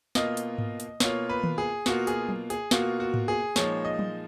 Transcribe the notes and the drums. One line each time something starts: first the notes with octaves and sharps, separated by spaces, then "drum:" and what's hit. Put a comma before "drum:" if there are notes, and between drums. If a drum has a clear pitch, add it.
B2 A#3 F4 D#5, drum: snare
drum: hi-hat
drum: tom G#2
drum: hi-hat
B2 A#3 F4 C#5, drum: snare
B4
drum: tom D#3
G#4
B2 A#3 F4 F#4, drum: snare
G#4, drum: hi-hat
drum: tom F#3
G#4, drum: hi-hat
B2 A#3 F4 F#4, drum: snare
F#4
drum: tom G#2
G#4
A#2 F3 G#3 D#4 C#5, drum: snare
D#5
drum: tom F#3